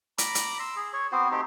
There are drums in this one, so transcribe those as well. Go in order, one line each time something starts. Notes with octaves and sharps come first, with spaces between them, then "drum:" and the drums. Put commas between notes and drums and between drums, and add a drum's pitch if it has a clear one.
A#5 B5 D6, drum: hi-hat
drum: hi-hat
C6 E6
G#4
C#5
B3 C4 F#4 C5
A3 C4 D#4 G4